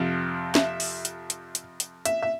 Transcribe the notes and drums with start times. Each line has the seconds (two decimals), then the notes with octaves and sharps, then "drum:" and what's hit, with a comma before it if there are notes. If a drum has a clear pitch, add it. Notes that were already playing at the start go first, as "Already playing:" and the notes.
Already playing: F2 C3 F3
0.55 E5, drum: snare
0.80 drum: open hi-hat
1.05 drum: hi-hat
1.30 drum: hi-hat
1.55 drum: hi-hat
1.80 drum: hi-hat
2.05 E5, drum: hi-hat
2.23 E5